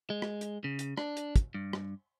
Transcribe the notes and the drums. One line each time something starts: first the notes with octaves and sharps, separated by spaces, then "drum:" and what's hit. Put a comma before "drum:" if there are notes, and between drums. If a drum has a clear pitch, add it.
G#3
drum: rim click
drum: hi-hat
C#3
drum: hi-hat
D4, drum: rim click
drum: hi-hat
drum: kick, hi-hat
G2
drum: rim click